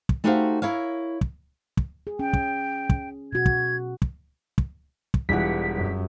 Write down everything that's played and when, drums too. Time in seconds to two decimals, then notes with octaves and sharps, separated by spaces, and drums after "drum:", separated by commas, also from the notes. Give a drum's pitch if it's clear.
0.09 drum: kick
0.24 A3 D#4 F#4 G4 C5 F5
0.62 E4 A#4 C#5 F5
1.21 drum: kick
1.77 drum: kick
2.07 G#4
2.19 C#4 G5
2.33 drum: kick
2.89 drum: kick
3.33 B2 F#4 G#6
3.46 drum: kick
4.02 drum: kick
4.58 drum: kick
5.14 drum: kick
5.29 E1 E3 G3 F4 F#5 B6
5.76 F#2